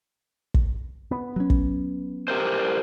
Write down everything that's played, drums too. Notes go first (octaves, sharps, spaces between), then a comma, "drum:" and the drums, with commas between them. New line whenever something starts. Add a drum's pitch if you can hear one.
drum: kick
B3
F#3 C#4
drum: kick
G4 A#4 C5